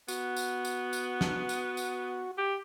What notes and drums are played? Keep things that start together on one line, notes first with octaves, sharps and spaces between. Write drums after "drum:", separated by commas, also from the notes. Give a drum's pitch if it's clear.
B3 F#4, drum: tambourine
drum: tambourine
drum: tambourine
drum: tambourine
drum: snare
drum: tambourine
drum: tambourine
G4